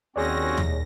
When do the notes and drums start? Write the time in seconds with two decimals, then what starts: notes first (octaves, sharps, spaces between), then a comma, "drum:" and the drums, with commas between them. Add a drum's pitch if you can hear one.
0.16 D#2 C4 C#4 F#4 G#4 C#5 D5 A#6
0.58 drum: tom